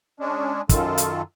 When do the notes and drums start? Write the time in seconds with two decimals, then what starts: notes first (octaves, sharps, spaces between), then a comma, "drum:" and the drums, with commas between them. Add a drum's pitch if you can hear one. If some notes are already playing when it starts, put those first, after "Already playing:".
0.20 G#3 C#4 D4
0.69 F#2 D#3 F4 A4, drum: kick, hi-hat
0.98 drum: hi-hat